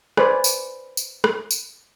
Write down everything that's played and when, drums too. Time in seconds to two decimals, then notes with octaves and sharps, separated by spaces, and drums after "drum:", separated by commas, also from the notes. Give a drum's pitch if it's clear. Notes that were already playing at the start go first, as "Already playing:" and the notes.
0.17 B4 C5 D5 G#5, drum: rim click
0.44 drum: tambourine
0.97 drum: tambourine
1.24 drum: rim click
1.51 drum: tambourine